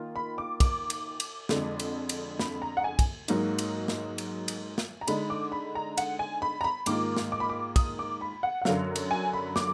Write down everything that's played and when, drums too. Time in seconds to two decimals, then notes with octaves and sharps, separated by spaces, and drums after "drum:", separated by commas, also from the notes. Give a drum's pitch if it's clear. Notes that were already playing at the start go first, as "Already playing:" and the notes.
Already playing: D#3 A#3 F4
0.16 B5
0.38 D6
0.60 D6, drum: kick, cymbal
0.90 drum: cymbal
1.20 drum: cymbal
1.49 F2 D3 G#3, drum: snare
1.79 drum: cymbal
2.09 drum: cymbal
2.39 B5, drum: snare
2.62 A#5
2.77 F#5
2.84 G#5
2.99 drum: kick, cymbal
3.28 G#2 F#3 A#3 D#4, drum: cymbal
3.58 drum: cymbal
3.88 drum: snare
4.18 drum: cymbal
4.48 drum: cymbal
4.78 drum: snare
5.01 A#5
5.08 D3 G#3 D#4 B5, drum: cymbal
5.30 D6
5.52 B5
5.75 A#5
5.97 F#5, drum: cymbal
6.19 G#5
6.42 B5
6.61 A#5
6.64 B5
6.86 G#2 D#3 A#3 F4 D6, drum: cymbal
7.17 drum: snare
7.32 D6
7.40 B5
7.49 D6
7.76 D#6, drum: kick, cymbal
7.99 D6
8.21 B5
8.43 F#5
8.62 F#5
8.65 F#2 D3 F#3 F5, drum: snare
8.96 drum: cymbal
9.11 G#5
9.33 B5
9.56 D6, drum: snare